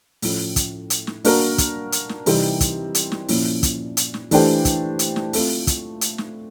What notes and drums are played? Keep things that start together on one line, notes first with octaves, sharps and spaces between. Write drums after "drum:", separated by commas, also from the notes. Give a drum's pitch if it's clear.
A2 F3 A3 C#4, drum: open hi-hat
drum: kick, hi-hat
drum: hi-hat
drum: snare
A#3 D4 F#4 A#4, drum: open hi-hat
drum: kick, hi-hat
drum: hi-hat
drum: snare
C3 E3 G3 C4 D#4, drum: open hi-hat
drum: kick, hi-hat
drum: hi-hat
drum: snare
A#2 F3 A#3 C#4 E4, drum: open hi-hat
drum: kick, hi-hat
drum: hi-hat
drum: snare
E3 A3 D4 G4 C5, drum: open hi-hat
drum: kick, hi-hat
drum: hi-hat
drum: snare
A3 C4 F4, drum: open hi-hat
drum: kick, hi-hat
drum: hi-hat
drum: snare